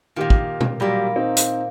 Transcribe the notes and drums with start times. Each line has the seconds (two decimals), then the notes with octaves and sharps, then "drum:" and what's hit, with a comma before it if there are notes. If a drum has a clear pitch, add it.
0.16 A#2 D#3 F4 G4 F5
0.30 drum: kick
0.61 drum: tom B2
0.80 A#2 F#3 G3 A#3 G4
1.16 C4 D#4
1.37 drum: hi-hat